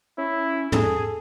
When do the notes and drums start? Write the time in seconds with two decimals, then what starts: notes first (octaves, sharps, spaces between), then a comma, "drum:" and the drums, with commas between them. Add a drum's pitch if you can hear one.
0.18 C#4 E4
0.72 G#4 A4, drum: tom